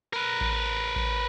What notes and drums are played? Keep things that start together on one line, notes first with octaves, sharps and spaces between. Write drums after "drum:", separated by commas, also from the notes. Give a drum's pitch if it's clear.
A#4 B4
drum: kick A1
drum: kick A1